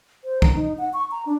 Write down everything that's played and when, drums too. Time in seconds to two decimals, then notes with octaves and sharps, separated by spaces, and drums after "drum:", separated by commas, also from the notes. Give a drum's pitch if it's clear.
0.24 C5
0.42 A#5, drum: kick
0.54 D#4
0.78 F#5
0.93 C#6
1.11 A#5
1.26 D4